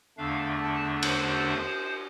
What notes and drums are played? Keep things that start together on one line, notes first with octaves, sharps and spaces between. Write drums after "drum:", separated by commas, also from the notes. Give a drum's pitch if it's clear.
E2 D3 A3 D4 F5
A5
C5, drum: cymbal